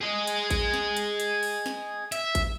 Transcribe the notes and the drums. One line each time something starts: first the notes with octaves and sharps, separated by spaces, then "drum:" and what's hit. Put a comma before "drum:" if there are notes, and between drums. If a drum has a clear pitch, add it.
G#4 D#5
drum: hi-hat
drum: kick A1, hi-hat
drum: snare
drum: hi-hat
drum: hi-hat
drum: open hi-hat
drum: snare
E5, drum: hi-hat
drum: kick A1, hi-hat